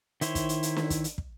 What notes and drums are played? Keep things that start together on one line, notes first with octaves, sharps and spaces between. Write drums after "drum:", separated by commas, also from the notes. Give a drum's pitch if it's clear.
D#3 E4 C5 C#5, drum: hi-hat
drum: kick, hi-hat
drum: hi-hat
drum: hi-hat
drum: snare
drum: kick, hi-hat
drum: hi-hat
drum: kick